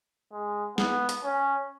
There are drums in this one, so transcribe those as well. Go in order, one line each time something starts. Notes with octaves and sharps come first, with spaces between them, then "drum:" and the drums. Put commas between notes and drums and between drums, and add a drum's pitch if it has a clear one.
G#3
B3, drum: snare
drum: hi-hat
C#4